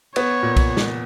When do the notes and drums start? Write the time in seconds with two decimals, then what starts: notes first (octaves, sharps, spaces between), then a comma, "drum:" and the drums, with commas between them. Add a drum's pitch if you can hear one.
0.16 B3 C#5, drum: cymbal
0.43 A#2
0.56 drum: kick B1, cymbal
0.77 drum: snare